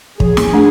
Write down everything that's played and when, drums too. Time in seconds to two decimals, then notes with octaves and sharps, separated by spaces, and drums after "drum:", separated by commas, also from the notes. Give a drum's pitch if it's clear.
0.20 F3 G#4, drum: kick
0.37 drum: snare
0.53 A3 D4